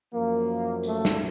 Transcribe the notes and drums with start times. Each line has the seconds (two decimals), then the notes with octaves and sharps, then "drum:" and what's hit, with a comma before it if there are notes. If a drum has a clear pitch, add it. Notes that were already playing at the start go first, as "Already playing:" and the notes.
0.13 F#2 F3 A#3
0.83 A3, drum: tambourine
1.05 drum: snare